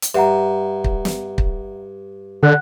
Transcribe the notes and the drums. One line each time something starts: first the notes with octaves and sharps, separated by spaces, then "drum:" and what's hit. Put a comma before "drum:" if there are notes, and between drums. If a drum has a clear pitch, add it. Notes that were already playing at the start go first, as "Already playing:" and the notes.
drum: hi-hat
G2 E5 F#5 A#5
drum: kick
drum: snare
drum: kick
D3 F#5 F#6